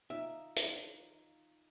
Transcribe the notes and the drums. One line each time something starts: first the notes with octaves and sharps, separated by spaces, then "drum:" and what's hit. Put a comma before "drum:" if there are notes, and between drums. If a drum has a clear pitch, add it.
D#4 F4 E5
drum: hi-hat